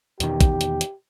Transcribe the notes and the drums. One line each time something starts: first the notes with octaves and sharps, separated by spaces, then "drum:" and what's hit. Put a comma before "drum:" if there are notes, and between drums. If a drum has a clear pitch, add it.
E2 B2 D#3 G4, drum: hi-hat
drum: kick, hi-hat
drum: hi-hat
drum: hi-hat